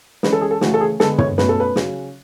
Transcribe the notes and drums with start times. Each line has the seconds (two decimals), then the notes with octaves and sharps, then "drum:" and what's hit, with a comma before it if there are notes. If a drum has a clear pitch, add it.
0.23 E3 G#3 C#4 B4, drum: snare
0.33 A4
0.41 G#4
0.51 A4
0.61 C#3 E3 A3 C#4 F#4, drum: snare
0.74 A4
0.81 G#4
1.00 D3 G#3 B3 A4, drum: snare
1.18 C#5, drum: tom
1.38 B2 A3 C#4 B4, drum: snare
1.49 A4
1.60 B4
1.76 C#3 F#3 C#4, drum: snare